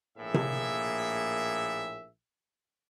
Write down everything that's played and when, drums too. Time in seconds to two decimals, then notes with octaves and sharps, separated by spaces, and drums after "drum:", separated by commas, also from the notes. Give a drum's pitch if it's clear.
0.18 A#1 A2 A#3 G#4 E5
0.34 drum: tom C3